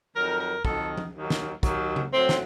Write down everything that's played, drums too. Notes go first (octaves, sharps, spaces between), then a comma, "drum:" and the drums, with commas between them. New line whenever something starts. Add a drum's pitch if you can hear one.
F2 D#3 F#3 A#4
A#4
F2 D#3 F#3 A4, drum: kick
drum: tom F3
D#2 D#3 F#3
drum: snare
D#2 D#3 F#3, drum: kick, hi-hat
drum: tom C#3
A2 F#3 C4
drum: snare